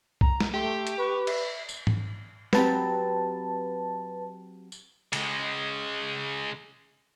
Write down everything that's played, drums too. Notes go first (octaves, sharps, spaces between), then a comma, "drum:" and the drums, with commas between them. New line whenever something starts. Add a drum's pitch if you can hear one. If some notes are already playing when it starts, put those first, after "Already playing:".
A#5, drum: kick
drum: snare
A3 G4 C6
drum: hi-hat
B4 C#6
E5, drum: cymbal
drum: tambourine
drum: tom G#2
F#3 C4 G4 B4 A5, drum: snare
drum: tambourine
C#3 G#3, drum: cymbal